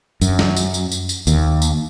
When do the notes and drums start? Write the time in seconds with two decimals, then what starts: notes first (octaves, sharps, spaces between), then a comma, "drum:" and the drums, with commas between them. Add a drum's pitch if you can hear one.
0.21 F#2, drum: tambourine
0.39 drum: snare
0.57 drum: tambourine
0.74 drum: tambourine
0.92 drum: tambourine
1.09 drum: tambourine
1.27 D#2, drum: tambourine
1.62 drum: tambourine